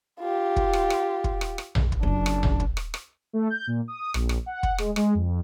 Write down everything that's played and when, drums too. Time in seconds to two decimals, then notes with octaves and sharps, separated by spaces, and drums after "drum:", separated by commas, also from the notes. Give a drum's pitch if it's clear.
0.20 F4 G4
0.56 drum: kick
0.73 drum: rim click
0.90 drum: rim click
1.24 drum: kick
1.41 drum: rim click
1.58 drum: rim click
1.75 drum: tom A#1
1.92 drum: kick
2.03 F#1 D4 F4
2.26 drum: rim click
2.43 drum: tom A#1
2.60 drum: kick
2.77 drum: rim click
2.94 drum: rim click
3.33 A3
3.50 G6
3.67 A#2
3.88 D#6
4.14 A#1, drum: rim click
4.29 drum: rim click
4.46 F#5
4.63 drum: kick
4.78 G#3, drum: rim click
4.96 G#3, drum: rim click
5.15 F2